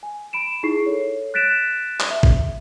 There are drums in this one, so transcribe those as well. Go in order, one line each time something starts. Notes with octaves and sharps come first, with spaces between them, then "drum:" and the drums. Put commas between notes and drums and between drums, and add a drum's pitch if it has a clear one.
G#5
B5 D7 E7
D#4 E4 G#4 C#6 C7
A4 C#5
F#6 A6 B6 D7 E7
drum: clap
E5
drum: kick